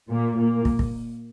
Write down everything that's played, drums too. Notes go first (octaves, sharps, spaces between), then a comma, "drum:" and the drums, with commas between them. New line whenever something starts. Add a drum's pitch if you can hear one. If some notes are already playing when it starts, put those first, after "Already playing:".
A#2 A#3
A#2 A#3
drum: kick
drum: kick